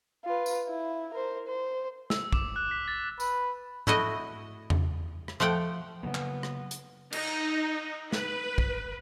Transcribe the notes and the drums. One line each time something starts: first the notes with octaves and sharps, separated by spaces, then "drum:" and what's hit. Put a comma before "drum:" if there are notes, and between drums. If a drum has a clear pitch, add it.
F4 B4
drum: tambourine
E4
A#4 C5
C5
E6, drum: snare
D6, drum: kick
F#6
B6
A6
B4, drum: tambourine
A3 E4 F#4 D#5, drum: tom G#2
drum: tom E2
drum: rim click
F3 A3 F#5 G5
C#3 F#3 A#3 B3
drum: clap
drum: rim click
drum: hi-hat
D#4, drum: cymbal
B4, drum: snare
drum: kick